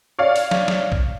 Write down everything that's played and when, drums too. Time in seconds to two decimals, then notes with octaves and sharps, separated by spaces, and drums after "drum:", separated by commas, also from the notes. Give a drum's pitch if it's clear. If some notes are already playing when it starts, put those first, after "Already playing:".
0.19 C#5 D5 F5
0.36 drum: open hi-hat
0.51 drum: snare
0.68 drum: snare
0.92 drum: kick